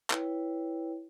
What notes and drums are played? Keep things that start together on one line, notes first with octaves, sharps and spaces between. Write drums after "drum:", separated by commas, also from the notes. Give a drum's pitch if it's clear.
E4 B4 C#5 G5, drum: clap